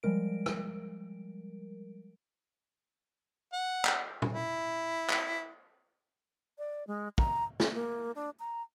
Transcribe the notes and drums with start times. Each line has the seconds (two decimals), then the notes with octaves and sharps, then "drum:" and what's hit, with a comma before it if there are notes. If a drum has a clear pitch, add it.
0.03 F3 G3 G#3 A#4 D7
0.46 drum: rim click
3.53 F#5
3.85 drum: clap
4.22 drum: tom A#2
4.33 E4
5.10 drum: clap
6.58 D5
6.87 G#3
7.18 A#5, drum: kick
7.60 C#4, drum: snare
7.74 A#3
8.15 D4
8.40 A#5